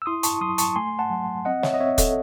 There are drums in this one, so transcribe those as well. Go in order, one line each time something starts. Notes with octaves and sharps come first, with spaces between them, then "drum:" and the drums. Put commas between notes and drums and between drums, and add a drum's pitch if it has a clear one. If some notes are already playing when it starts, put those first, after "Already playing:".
E6
E4 C6 D#6
A5 C#6, drum: hi-hat
F#3 C6 D#6
A5 C#6, drum: hi-hat
A3 G#5 C6
F#5 A5
F#3
C4 D#5 F#5
C#5 E5, drum: snare
D#5
C4 C#5 E5
A4 C#5, drum: kick, hi-hat